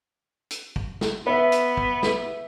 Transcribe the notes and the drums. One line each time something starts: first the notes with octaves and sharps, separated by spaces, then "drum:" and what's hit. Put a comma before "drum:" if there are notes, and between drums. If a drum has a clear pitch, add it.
drum: hi-hat
drum: kick
drum: snare
B3 B4 E5
drum: hi-hat
drum: kick
drum: snare